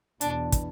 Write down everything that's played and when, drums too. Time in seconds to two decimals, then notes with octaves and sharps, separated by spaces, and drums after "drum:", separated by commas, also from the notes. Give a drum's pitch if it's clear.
0.21 E2 B2 B3 D4, drum: hi-hat
0.52 drum: kick, hi-hat